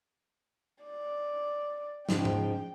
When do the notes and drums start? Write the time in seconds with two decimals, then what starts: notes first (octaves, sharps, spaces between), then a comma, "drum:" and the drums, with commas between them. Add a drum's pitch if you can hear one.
0.84 D5
2.09 G#2 C#3 F3 G5, drum: snare
2.25 drum: tom G#2